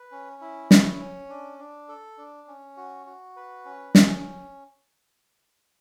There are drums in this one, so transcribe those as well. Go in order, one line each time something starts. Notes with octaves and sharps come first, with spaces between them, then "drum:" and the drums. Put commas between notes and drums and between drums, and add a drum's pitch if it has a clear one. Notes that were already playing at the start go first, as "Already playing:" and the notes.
Already playing: B4
C#4
E4
C#5, drum: snare
C#4
D4
D4
A4
D4
C#4
F#4
F#4
B4
C#4
C#4, drum: snare